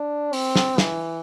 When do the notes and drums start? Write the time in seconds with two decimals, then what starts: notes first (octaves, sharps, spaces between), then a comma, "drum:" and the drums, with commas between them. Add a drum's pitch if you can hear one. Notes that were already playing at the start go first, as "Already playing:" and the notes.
Already playing: D4
0.33 C4, drum: open hi-hat
0.56 drum: snare
0.78 E3, drum: snare